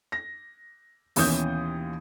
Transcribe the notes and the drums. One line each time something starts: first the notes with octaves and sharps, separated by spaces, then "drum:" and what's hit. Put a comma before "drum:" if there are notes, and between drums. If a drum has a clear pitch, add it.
A#6
D#2 B2 E3 C#4 D#6 G6, drum: open hi-hat